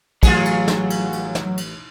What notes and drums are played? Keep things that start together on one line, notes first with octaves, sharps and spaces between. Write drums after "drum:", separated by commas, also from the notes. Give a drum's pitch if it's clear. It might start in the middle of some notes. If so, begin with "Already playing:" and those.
A1 F#3 F4 G#4, drum: kick, cymbal
drum: cymbal
drum: snare
drum: cymbal
drum: cymbal
drum: snare
drum: cymbal